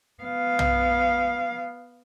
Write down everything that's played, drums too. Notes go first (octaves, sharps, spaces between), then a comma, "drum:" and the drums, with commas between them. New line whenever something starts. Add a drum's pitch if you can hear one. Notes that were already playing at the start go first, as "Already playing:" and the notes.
B3 F5
drum: tom B1